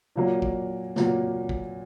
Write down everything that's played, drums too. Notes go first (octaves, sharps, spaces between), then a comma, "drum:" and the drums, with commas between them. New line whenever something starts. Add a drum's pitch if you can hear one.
A#2 F#3 A#3
drum: kick
A#2 F#3 A#3, drum: snare
drum: kick